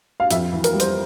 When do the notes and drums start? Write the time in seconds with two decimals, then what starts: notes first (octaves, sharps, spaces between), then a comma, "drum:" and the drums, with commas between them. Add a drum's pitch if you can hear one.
0.20 F5
0.31 F2 E5, drum: hi-hat
0.52 E3
0.64 A#4, drum: hi-hat
0.74 G3
0.80 C5, drum: hi-hat